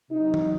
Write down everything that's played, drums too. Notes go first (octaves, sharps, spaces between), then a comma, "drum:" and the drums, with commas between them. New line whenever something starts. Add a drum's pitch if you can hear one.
C3 F#3 D#4
drum: tom